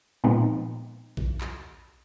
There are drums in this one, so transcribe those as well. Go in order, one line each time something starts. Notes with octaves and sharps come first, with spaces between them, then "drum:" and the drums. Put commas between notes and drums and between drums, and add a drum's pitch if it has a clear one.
A#2 F3 G#3 B3 C4 D#4
drum: kick A#1
drum: clap